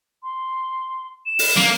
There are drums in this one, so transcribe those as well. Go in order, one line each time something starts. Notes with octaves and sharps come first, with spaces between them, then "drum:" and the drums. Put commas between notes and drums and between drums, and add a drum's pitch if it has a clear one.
C6
E7
drum: open hi-hat
A#3, drum: snare